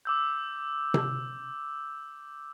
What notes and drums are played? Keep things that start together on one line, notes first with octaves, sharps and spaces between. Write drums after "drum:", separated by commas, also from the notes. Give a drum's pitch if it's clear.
D6 E6 G6
drum: tom C3